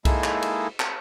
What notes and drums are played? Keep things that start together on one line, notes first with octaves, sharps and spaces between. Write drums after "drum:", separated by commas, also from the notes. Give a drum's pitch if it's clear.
G#3 A#3 D#4 E4 G#4 A4, drum: kick B1, cymbal
drum: clap
drum: cymbal
drum: clap